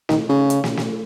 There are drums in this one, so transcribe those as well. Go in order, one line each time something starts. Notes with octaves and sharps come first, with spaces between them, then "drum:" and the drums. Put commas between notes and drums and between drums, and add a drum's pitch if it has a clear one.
D#3, drum: snare
C#3
drum: hi-hat
drum: snare
drum: snare